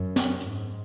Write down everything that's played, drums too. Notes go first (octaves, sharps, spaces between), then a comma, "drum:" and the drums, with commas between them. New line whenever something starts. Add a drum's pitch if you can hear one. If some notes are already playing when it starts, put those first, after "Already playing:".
Already playing: F#2
drum: snare
G#2, drum: hi-hat